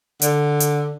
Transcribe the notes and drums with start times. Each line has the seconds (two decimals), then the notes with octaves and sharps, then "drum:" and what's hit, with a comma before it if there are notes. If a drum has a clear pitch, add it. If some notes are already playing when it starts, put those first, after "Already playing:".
0.22 D3, drum: hi-hat
0.60 drum: hi-hat